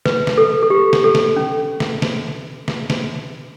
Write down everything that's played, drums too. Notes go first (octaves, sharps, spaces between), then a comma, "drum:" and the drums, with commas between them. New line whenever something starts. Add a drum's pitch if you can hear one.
B4, drum: snare
drum: snare
A4
A4
G4
drum: snare
A4
drum: snare
C#4
drum: snare
drum: snare
drum: snare
drum: snare